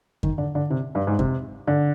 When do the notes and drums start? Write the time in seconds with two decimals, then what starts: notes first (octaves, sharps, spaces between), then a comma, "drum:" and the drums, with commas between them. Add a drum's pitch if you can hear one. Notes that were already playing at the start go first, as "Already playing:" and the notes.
0.23 D#3, drum: kick F2
0.38 D3
0.55 D3
0.70 C3
0.95 G2
1.07 G#2
1.19 C3, drum: kick F2
1.67 D3